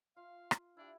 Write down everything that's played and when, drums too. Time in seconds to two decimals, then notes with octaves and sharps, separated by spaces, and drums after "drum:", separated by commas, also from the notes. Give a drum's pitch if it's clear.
0.16 F4 F5
0.51 drum: rim click
0.77 D4 E4 G4